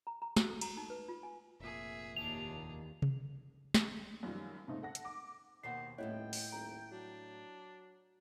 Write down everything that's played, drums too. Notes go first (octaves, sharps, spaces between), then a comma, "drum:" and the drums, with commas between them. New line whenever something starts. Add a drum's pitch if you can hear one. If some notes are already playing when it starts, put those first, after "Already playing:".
A#5
A#5
F#4, drum: snare
A4
A#5, drum: cymbal
D#4
B4
F4
G#5
F1 A#2 G#4 E5
D#2 D4 G#4 F7
drum: tom C3
drum: snare
F#2 D#3 F3 G3
G#2 C#3 A3 C4 D#4
A4 F#5 A#6
drum: hi-hat
D6
D#2 B2 D#4 C5 F#5 C7
D#1 A2 B3 E4 C#5 D#5 G5
drum: open hi-hat
D#1 A#5
F#3 D4